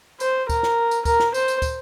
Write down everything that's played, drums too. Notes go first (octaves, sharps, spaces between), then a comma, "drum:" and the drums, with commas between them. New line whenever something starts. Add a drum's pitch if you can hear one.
C5, drum: tambourine
A#4, drum: kick, tambourine
drum: snare
drum: tambourine
A#4, drum: kick, tambourine
drum: snare
C5, drum: tambourine
drum: tambourine
drum: kick, tambourine